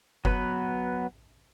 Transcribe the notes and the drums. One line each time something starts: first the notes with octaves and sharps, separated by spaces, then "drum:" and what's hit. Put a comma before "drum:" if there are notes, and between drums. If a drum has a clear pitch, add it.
F#3 B3 B4, drum: kick F#1